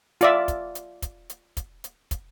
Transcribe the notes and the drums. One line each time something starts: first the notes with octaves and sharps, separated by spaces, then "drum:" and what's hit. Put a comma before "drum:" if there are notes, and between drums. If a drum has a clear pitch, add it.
F4 D5 E5, drum: hi-hat
drum: kick, hi-hat
drum: hi-hat
drum: kick, hi-hat
drum: hi-hat
drum: kick, hi-hat
drum: hi-hat
drum: kick, hi-hat